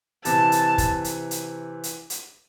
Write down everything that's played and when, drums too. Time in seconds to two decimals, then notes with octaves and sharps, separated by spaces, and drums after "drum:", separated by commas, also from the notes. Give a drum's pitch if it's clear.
0.25 C3 E3 A5, drum: hi-hat
0.52 drum: hi-hat
0.78 drum: kick, hi-hat
1.04 drum: hi-hat
1.31 drum: hi-hat
1.83 drum: hi-hat
2.10 drum: hi-hat